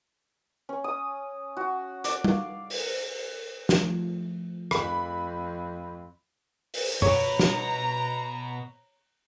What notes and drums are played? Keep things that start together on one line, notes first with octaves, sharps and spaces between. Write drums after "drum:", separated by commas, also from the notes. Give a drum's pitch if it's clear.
C#4
D#6
F#4
D5, drum: hi-hat
F5, drum: tom
drum: open hi-hat
drum: snare
F3 A3
F2 B5, drum: rim click
drum: open hi-hat
B2 C#5 A#5, drum: tom F#2
drum: snare